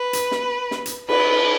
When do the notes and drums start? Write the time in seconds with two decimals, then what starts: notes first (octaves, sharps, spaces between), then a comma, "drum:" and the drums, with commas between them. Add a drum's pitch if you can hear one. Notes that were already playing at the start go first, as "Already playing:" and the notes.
Already playing: B4
0.13 drum: hi-hat
0.31 drum: snare
0.71 drum: snare
0.86 drum: hi-hat
1.09 B4, drum: cymbal